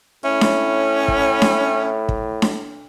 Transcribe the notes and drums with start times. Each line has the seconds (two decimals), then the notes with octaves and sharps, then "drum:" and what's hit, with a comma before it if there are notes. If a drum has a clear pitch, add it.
0.25 A2 C#4 E4
0.41 drum: snare D4
1.08 drum: kick
1.42 drum: snare D4
2.09 drum: kick
2.42 drum: snare D4